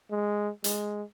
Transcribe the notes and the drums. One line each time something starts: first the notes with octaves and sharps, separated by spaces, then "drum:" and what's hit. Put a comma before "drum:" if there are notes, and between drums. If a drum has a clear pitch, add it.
G#3
G#3, drum: hi-hat